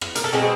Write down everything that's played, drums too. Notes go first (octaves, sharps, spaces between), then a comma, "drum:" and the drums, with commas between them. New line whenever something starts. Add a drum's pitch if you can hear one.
drum: rim click
A#4, drum: hi-hat
A4
B2 G#3 C4 F#4 G#4